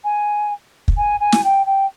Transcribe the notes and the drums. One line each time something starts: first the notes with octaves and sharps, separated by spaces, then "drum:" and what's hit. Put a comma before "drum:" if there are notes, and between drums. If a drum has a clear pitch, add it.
G#5
drum: kick
G#5
G#5
drum: snare
G5
G5